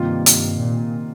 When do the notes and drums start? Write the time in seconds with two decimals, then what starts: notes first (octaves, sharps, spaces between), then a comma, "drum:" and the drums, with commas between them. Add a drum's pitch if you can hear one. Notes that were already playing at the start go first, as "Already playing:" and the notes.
Already playing: G2 C3 D#3 A#3 F4
0.26 drum: hi-hat
0.58 A#2